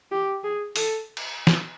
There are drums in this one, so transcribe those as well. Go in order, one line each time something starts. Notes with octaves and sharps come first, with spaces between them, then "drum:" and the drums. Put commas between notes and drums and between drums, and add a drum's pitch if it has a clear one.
G4
G#4
A4, drum: open hi-hat
drum: cymbal
drum: snare